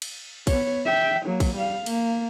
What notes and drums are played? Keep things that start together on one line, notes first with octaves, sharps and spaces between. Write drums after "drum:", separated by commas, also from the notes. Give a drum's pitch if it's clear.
drum: cymbal
B3 C#5, drum: kick, cymbal
E5 G5
F#3 A#3
drum: kick, cymbal
G3 F5
A#3, drum: cymbal